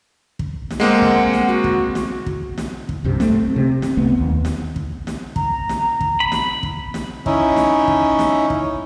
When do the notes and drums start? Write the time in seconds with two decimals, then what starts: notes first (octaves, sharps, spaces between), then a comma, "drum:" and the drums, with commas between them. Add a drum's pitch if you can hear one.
0.39 drum: kick
0.71 drum: snare
0.80 G#3 A#3 C4 F#5
1.02 drum: kick
1.33 drum: snare
1.48 F#4
1.64 drum: kick
1.95 drum: snare
2.26 drum: kick
2.58 drum: snare
2.89 drum: kick
3.04 C2 G2 C3
3.20 A3 C4, drum: snare
3.56 C3
3.82 drum: snare
3.97 C2 A3 B3
4.18 D#2
4.45 drum: snare
4.76 drum: kick
5.07 drum: snare
5.36 A#5, drum: kick
5.69 drum: snare
6.01 drum: kick
6.20 B5
6.32 drum: snare
6.63 drum: kick
6.94 drum: snare
7.26 C#4 D#4 E4, drum: kick
7.56 drum: snare
7.88 drum: kick
8.19 drum: snare
8.50 drum: kick